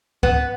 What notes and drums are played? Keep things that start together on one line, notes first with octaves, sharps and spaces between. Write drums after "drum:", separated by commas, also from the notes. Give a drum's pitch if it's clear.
B3, drum: kick C#2